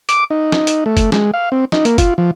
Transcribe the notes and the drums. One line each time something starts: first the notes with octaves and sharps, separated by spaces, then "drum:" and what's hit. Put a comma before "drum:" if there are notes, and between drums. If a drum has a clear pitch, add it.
D6, drum: hi-hat
D#4
drum: snare
drum: hi-hat
A3
drum: kick, hi-hat
G#3, drum: snare
F5
C4
D#4, drum: snare
A#3, drum: hi-hat
F4, drum: kick, hi-hat
F3